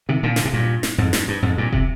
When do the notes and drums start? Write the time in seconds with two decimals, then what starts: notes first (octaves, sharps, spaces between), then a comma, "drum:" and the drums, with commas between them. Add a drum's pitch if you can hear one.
0.09 C3 D#3
0.23 A#2 D3
0.36 D3, drum: snare
0.45 C3
0.53 G2 A#2
0.83 drum: snare
0.98 F2 G#2
1.13 G2, drum: snare
1.28 G2
1.43 F2 G#2
1.58 G2 A#2
1.72 C3, drum: kick